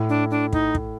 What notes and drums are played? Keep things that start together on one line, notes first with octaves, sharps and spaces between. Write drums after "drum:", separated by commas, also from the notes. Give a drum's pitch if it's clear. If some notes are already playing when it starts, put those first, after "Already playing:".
Already playing: A2
D4
D4
D#4, drum: kick
drum: kick